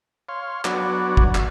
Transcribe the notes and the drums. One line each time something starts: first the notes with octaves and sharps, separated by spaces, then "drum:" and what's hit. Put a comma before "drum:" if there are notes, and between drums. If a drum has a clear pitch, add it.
C#5 F5 C6
F#3 B3 D4 F#4 C#5 D5, drum: clap
drum: kick
drum: clap